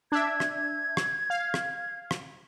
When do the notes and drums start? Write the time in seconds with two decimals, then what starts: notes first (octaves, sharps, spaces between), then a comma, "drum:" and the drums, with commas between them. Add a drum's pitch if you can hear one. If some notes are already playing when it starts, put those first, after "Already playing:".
0.12 D4 E5 G#6
0.40 drum: rim click
0.97 drum: rim click
1.30 F5
1.54 drum: rim click
2.11 drum: rim click